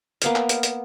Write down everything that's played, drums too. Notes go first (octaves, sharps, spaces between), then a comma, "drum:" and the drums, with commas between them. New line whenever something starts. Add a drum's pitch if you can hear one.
A#3 B3 F5, drum: hi-hat
drum: clap
drum: hi-hat
drum: hi-hat